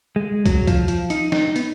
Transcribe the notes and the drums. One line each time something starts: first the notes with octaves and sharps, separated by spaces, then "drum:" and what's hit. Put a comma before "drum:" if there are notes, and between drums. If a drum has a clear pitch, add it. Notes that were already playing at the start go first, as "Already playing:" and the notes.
G#3
F#3, drum: kick, hi-hat
F3, drum: kick, hi-hat
F3, drum: hi-hat
D#4, drum: hi-hat
D#4, drum: snare
B3, drum: hi-hat